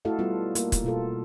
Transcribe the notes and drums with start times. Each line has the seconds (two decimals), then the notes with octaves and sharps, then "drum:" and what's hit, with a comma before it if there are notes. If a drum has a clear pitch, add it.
0.05 A3 E4 F#4 A4 D#5 F5
0.19 G3 B3 F4
0.55 A#3, drum: hi-hat
0.72 drum: kick, hi-hat
0.84 B2 F4 A4